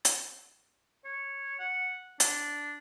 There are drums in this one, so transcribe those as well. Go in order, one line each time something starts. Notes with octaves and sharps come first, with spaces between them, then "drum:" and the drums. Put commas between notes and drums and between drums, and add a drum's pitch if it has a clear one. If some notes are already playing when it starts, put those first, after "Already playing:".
drum: hi-hat
C#5
F#5
D4, drum: hi-hat